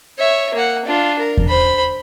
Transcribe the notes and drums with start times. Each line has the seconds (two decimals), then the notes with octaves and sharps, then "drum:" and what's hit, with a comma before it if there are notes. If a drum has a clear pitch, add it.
0.18 C#5 E5
0.54 A#3 F#5
0.85 D4 F4
1.19 A#4
1.37 drum: kick E2
1.48 C5 B5